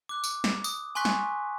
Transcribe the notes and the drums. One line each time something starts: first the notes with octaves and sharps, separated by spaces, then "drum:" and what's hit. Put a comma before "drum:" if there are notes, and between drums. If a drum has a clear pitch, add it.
D6 F#6
drum: tambourine
drum: snare
D#6, drum: tambourine
G#5 C6 C#6 F#6 B6
drum: snare